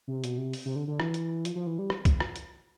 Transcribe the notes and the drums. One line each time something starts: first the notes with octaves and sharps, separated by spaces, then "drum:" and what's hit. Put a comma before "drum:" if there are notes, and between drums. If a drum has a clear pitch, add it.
C3
B2, drum: hi-hat
C3
drum: open hi-hat
C3
D3
D3
E3, drum: rim click
drum: hi-hat
F3, drum: hi-hat
F3
E3
G3
drum: rim click
drum: kick, hi-hat
drum: rim click
drum: hi-hat